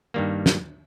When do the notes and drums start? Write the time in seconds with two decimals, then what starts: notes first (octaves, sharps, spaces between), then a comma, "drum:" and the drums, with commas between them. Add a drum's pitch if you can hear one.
0.14 G2 D#3 G3 A#3
0.46 drum: snare